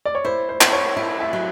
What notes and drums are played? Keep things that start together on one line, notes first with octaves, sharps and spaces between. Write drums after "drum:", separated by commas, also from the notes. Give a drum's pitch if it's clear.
D5
C#5
E4 C5
C5
E4, drum: clap
C#5
E4
E5
F#3